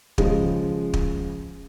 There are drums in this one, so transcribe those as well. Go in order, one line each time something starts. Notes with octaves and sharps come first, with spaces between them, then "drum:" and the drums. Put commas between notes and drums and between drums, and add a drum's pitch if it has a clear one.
C#3 F3 G#3, drum: kick
drum: kick